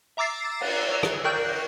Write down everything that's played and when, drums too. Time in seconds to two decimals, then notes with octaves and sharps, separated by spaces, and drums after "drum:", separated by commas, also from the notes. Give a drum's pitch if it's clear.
0.17 E5 A#5 D6 E6 A6 C7
0.61 drum: cymbal
0.89 C#5 E6
1.03 drum: rim click
1.24 A#4 D5 G5 C#6 F#6 G6
1.45 drum: cymbal